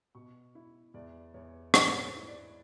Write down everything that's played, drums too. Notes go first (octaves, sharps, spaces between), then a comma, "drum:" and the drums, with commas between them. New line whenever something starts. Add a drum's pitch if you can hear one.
B2 C#6
E4
E2 D5
E2 C#5
G#2 B4, drum: rim click
C#5
E4
D5